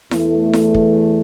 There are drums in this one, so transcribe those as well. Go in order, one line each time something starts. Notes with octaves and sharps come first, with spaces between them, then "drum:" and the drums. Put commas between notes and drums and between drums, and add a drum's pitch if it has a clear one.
E2 E3 A3, drum: snare E4
drum: snare E4
drum: kick